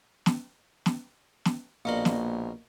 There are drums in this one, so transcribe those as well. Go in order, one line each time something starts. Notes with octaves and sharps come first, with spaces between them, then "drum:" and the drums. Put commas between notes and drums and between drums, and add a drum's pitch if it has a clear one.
drum: snare
drum: snare
drum: snare
A#1 B2 A#3 A#4 D5 F5 C6
drum: snare